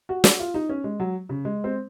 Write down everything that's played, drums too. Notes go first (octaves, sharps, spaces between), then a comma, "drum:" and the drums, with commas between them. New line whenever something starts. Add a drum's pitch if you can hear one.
F#4
F#4, drum: snare
F4
D#4
C#4
G#3
F#3
C#3
G#3
C4